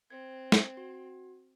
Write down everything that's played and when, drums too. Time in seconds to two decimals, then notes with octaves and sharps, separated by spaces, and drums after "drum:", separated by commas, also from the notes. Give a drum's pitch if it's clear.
0.10 C4 C5 G#6
0.52 drum: snare
0.77 F#4